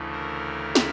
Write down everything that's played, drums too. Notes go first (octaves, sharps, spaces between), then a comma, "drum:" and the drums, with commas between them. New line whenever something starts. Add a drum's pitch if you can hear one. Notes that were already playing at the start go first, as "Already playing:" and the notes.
Already playing: D2 C#3 E3 A3
A#4
drum: snare